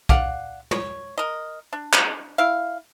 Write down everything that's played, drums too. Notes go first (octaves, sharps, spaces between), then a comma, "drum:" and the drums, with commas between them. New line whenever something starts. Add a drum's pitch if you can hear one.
D5 F5 F#5, drum: kick B1
C#5, drum: tom
A#4 D#5
D4
drum: clap
E4 F5